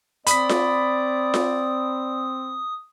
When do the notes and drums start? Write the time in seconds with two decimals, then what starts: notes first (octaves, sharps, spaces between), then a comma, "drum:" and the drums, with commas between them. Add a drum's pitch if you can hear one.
0.27 C4 D5 B5 D#6 B6, drum: hi-hat
0.49 drum: snare F4
1.34 drum: snare F4